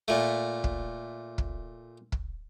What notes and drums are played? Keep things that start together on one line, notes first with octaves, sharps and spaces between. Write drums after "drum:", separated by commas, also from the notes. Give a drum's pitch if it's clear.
A#2 A3
drum: kick
drum: kick
drum: kick